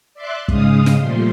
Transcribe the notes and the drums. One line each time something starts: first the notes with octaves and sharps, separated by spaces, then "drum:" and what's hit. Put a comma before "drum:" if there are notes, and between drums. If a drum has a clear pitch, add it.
D5 E5 C6 D6 F#6
G#2 C#3 G#3 F5 D#6, drum: kick
drum: snare
A#2 F3 G3 A3 C6